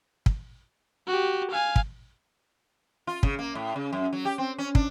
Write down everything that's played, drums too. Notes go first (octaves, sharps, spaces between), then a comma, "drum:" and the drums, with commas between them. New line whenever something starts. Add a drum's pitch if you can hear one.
drum: kick
F#4 G4
F5 G#5
drum: kick
F4
C#3, drum: kick
A#3
A2
C#3
F#2
F#3
G4
C4
C#4
D4, drum: kick